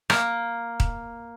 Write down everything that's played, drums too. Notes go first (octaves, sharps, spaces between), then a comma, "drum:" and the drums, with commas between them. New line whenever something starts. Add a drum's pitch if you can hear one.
A#3, drum: rim click
drum: kick D#1